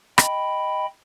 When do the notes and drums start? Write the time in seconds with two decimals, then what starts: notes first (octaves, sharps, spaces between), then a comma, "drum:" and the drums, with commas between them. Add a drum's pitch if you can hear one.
0.18 D#5 G5 B5, drum: rim click